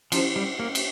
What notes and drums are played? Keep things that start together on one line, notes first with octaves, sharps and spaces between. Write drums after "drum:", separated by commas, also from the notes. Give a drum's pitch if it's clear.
F3 C#4 E4 G4 C5, drum: cymbal
G3
A#3
drum: cymbal